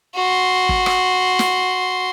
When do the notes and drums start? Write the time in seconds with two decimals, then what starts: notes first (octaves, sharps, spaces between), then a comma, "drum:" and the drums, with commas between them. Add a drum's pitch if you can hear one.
0.15 F#4 C6
0.69 drum: kick
0.86 drum: rim click
1.39 drum: snare